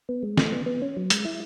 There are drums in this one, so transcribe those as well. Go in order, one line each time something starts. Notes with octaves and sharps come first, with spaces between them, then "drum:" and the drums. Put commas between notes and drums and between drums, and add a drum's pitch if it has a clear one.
B3
G#3
A3, drum: snare
B3
B3
C#4
F#3
G#3, drum: hi-hat
E4